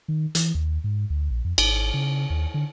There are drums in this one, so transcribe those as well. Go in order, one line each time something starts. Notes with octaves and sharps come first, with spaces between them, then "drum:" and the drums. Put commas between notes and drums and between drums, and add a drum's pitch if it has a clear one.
D#3
E3, drum: hi-hat
D#2
G#2
D2
A#1
F2
G#1, drum: cymbal
C#3
D#2
D3